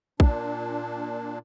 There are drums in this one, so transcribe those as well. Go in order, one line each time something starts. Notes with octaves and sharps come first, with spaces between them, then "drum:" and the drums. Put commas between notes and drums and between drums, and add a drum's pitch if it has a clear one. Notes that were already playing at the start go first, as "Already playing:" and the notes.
A#2 D4, drum: kick